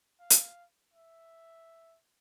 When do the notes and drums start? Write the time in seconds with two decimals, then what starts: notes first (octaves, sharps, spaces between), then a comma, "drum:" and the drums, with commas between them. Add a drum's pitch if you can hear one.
0.20 F5
0.30 drum: hi-hat
0.94 E5